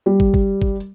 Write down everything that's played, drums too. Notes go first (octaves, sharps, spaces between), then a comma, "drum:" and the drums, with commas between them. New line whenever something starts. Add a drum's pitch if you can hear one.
G3
drum: kick
drum: kick
drum: kick